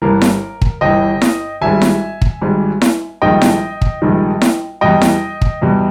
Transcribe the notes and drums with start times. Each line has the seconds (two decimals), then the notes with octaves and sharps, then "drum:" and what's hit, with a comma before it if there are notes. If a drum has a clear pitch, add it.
0.02 G1 G2 E3 A#4
0.22 drum: snare E4
0.62 drum: kick
0.81 G1 G2 E3 D#5 G5
1.22 drum: snare E4
1.61 G#1 G#2 G3 E5 G#5
1.82 drum: snare E4
2.22 drum: kick
2.42 G#1 G#2 G3
2.82 drum: snare E4
3.22 A#1 G#2 D#3 G3 D#5 G5
3.42 drum: snare E4
3.82 drum: kick
4.02 A#1 G#2 D#3 G3
4.42 drum: snare E4
4.81 E2 B2 G3 D#5 G5
5.02 drum: snare E4
5.42 drum: kick
5.62 E2 B2 G3